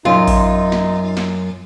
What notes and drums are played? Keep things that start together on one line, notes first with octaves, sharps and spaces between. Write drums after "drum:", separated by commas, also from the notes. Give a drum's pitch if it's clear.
F#2 D#4 F4, drum: tom
drum: kick A1, open hi-hat
drum: snare
drum: snare